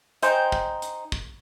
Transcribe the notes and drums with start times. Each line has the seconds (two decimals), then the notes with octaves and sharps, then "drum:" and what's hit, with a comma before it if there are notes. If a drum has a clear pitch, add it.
0.23 D#4 C5 G5 G#5, drum: hi-hat
0.52 drum: kick
0.82 drum: hi-hat
1.12 drum: kick